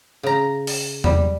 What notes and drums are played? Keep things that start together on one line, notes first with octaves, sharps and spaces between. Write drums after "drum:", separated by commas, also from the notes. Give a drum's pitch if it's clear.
C#3 A#5
drum: open hi-hat
G3, drum: tom E2